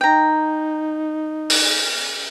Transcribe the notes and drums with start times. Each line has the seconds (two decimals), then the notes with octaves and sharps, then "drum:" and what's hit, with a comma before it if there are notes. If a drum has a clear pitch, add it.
0.01 D#4 G5 A#5
1.50 drum: open hi-hat